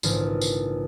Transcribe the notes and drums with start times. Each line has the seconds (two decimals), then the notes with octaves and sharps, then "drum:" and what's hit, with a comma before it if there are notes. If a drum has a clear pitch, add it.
0.03 A#1 G#2 C#3 E3, drum: tambourine
0.41 drum: tambourine